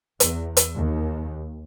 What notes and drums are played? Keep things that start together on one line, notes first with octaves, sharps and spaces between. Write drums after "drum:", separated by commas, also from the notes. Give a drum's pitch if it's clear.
E2, drum: hi-hat
drum: hi-hat
D#2